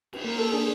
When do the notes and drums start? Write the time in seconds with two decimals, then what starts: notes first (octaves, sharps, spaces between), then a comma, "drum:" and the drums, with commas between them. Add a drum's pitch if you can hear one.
0.13 drum: cymbal
0.24 A#3 A#4
0.39 A4
0.52 D4 G#4